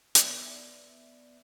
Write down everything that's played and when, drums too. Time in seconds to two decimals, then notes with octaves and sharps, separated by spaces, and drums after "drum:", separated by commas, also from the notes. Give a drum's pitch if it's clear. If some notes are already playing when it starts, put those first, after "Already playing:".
0.15 B3 D5 E5, drum: hi-hat